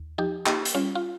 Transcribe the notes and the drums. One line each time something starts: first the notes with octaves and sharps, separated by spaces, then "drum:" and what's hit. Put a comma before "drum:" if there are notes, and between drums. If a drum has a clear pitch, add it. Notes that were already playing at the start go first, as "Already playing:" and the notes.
Already playing: D#2
F3 D#4 G4
A#3 D#4 G4, drum: clap
drum: hi-hat
G3 C#4 F4
F4